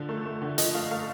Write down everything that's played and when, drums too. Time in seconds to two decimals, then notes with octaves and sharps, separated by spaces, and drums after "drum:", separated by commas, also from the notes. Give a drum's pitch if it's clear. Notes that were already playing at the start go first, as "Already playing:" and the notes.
Already playing: D3 F3
0.09 A3
0.25 A3
0.42 D3
0.58 F3 D#5, drum: hi-hat
0.74 A3 F5
0.91 A3 F5